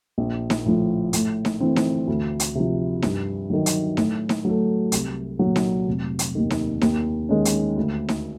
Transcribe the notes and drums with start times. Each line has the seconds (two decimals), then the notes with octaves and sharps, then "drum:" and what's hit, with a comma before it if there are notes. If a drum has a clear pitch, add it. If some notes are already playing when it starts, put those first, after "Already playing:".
0.18 A#1
0.50 drum: snare D#4
0.65 A2 F3
1.13 A2, drum: hi-hat
1.45 drum: snare D#4
1.60 E3 A3 C4
1.76 drum: snare D#4
2.07 D2
2.40 drum: hi-hat
2.55 C3 F3
3.02 G2, drum: snare D#4
3.50 D#3 F#3
3.66 drum: hi-hat
3.97 A2, drum: snare D#4
4.29 drum: snare D#4
4.45 F#3 A3
4.92 C2, drum: hi-hat
5.39 A#2 F#3
5.56 drum: snare D#4
5.87 F1
6.19 drum: hi-hat
6.35 D#2 D#3
6.50 drum: snare D#4
6.81 D#2, drum: snare D#4
7.29 D#3 G#3 C#4
7.45 drum: hi-hat
7.77 D2
8.08 drum: snare D#4